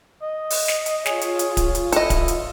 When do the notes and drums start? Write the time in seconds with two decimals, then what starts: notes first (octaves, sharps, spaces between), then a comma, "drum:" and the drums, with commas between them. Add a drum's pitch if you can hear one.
0.22 D#5
0.50 drum: open hi-hat
0.68 drum: snare
0.86 drum: hi-hat
1.06 F4 G#4 C#5, drum: snare
1.21 drum: hi-hat
1.39 drum: hi-hat
1.57 drum: kick D1, hi-hat
1.75 drum: hi-hat
1.92 E4 A4 D#5, drum: hi-hat
2.10 drum: kick D1, hi-hat
2.28 drum: hi-hat